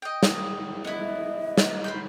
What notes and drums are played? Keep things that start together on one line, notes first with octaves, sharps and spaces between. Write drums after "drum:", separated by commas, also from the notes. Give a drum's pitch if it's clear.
D#5 G5
drum: snare
B3 E4 D#5
drum: snare
C5 B5 G6